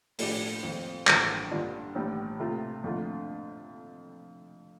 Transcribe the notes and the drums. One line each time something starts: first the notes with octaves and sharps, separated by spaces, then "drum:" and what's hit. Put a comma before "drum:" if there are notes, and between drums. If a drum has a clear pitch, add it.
A2 F3 A3 D4 G4, drum: open hi-hat
F2 F3 C4 F4
A1 G2 D3 F3 A3, drum: clap
G2 D3 G3 D4 F4
A1 A2 G3
C3 A3 F4
F2 D3 A3 F4